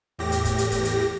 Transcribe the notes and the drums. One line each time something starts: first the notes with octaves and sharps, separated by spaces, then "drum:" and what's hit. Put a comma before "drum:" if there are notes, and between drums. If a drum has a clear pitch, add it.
E2 A2 G4 A#6
drum: hi-hat
drum: kick F#1, hi-hat
drum: hi-hat
drum: kick F#1, hi-hat
drum: hi-hat